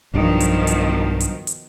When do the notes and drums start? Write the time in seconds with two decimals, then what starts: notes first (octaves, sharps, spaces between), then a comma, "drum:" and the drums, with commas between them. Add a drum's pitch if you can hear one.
0.14 B1 G2 B2 D#3 F3 D4
0.40 drum: hi-hat
0.67 drum: hi-hat
1.20 drum: hi-hat
1.47 drum: hi-hat